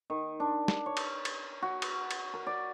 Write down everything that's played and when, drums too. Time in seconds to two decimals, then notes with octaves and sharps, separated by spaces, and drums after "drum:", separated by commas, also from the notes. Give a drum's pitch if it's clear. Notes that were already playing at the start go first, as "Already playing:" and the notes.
0.10 D#3
0.40 D4
0.68 drum: snare
0.86 C#5
0.97 drum: cymbal
1.25 drum: cymbal
1.62 F#4
1.82 drum: cymbal
2.11 drum: cymbal
2.34 A#4
2.47 D5